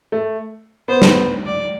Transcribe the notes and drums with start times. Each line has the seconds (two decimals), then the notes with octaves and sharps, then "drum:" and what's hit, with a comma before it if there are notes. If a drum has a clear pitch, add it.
0.12 A3
0.88 B3 C5
1.02 drum: snare
1.46 D5